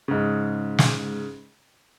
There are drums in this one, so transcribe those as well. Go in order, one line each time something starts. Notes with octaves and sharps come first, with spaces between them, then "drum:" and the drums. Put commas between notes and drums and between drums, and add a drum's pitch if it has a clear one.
G#2 C#3
drum: snare